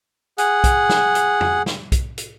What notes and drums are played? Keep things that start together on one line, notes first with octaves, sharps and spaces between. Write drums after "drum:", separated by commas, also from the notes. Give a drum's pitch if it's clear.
G#4 F#5, drum: hi-hat
drum: kick B1, hi-hat
drum: snare
drum: hi-hat
drum: tom F2
drum: snare
drum: kick B1, hi-hat
drum: hi-hat